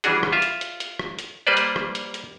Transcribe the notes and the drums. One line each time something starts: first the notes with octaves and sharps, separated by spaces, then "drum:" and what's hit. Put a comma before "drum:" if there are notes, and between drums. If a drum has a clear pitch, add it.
E3 G3 C#4 D4 F#4 G#4, drum: hi-hat
drum: rim click
F4 E5
drum: hi-hat
drum: hi-hat
drum: hi-hat
drum: rim click
drum: hi-hat
G3 A#3 B4 C5 D5
drum: hi-hat
drum: rim click
drum: hi-hat
drum: hi-hat